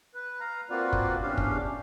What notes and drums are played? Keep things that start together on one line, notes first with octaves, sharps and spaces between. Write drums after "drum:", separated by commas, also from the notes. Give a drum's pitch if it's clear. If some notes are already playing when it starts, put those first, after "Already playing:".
B4
F5 A#5
A#3 C4 F4 F#4 B4 D5
drum: kick
E2 C#4 D4 G4 F5
drum: kick